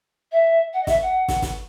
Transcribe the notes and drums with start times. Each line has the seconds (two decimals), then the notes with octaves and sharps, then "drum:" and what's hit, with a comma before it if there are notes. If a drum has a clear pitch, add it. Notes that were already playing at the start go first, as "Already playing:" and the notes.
0.31 E5
0.73 F#5
0.83 D#5
0.87 E5, drum: snare
1.01 F#5
1.28 drum: snare
1.42 drum: snare